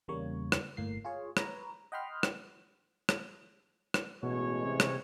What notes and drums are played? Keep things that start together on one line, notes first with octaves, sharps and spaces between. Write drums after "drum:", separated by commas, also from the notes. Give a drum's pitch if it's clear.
E2 C#3 G3 A#3 C#5
drum: rim click
G1 A2 A#3 C7
F4 G#4 C#5
B4 C#5 A#5, drum: rim click
D#5 F#5 G5 B5 C6 F6
drum: rim click
drum: rim click
drum: rim click
A1 B2 G#3 C#5
C3
drum: rim click